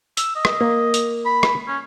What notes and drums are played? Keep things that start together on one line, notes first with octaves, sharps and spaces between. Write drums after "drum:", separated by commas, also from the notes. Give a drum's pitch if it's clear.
E6, drum: hi-hat
D#5
drum: rim click
A#3
drum: hi-hat
B5
drum: rim click
C#4